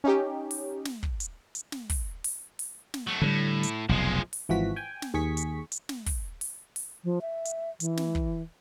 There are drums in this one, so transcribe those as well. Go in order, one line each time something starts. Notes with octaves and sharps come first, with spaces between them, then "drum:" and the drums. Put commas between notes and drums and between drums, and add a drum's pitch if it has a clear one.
C#4 D#4 G4
drum: open hi-hat
drum: snare
drum: kick
drum: hi-hat
drum: hi-hat
drum: snare
drum: kick, open hi-hat
drum: open hi-hat
drum: open hi-hat
drum: snare
F#3 A3
A2 D3 E3 G3
drum: hi-hat
F1 B1 F3 G#3
drum: open hi-hat
G#1 E3 F3 F#4 B6
G5 G#5
drum: snare
D#2 G#4 C#6 B6
drum: hi-hat
drum: hi-hat
drum: snare
drum: kick, open hi-hat
drum: open hi-hat
drum: open hi-hat
F3
E5
drum: hi-hat
E3, drum: hi-hat
drum: snare
drum: kick